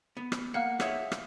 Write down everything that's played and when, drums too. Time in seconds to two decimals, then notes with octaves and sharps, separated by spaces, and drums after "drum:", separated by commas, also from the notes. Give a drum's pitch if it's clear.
0.17 B3
0.32 drum: rim click
0.54 A#3 F5 F#5 C#7
0.80 G#4 C#5 E5, drum: rim click
1.12 drum: rim click